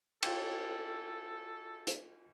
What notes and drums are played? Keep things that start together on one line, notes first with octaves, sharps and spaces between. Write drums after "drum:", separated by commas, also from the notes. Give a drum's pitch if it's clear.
F4 A4 G5, drum: cymbal
drum: hi-hat